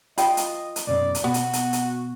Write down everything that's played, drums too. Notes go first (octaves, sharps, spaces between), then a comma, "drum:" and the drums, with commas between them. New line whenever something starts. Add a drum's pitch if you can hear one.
F3 F4 D#5 G5 B5, drum: hi-hat
drum: hi-hat
drum: hi-hat
B1 F#2 C#3 D5
drum: hi-hat
B2 B3 F#4
drum: hi-hat
drum: hi-hat
drum: hi-hat